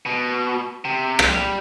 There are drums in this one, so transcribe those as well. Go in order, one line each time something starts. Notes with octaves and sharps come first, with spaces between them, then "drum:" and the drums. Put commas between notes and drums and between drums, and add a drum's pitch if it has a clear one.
B2
C3
drum: rim click
G3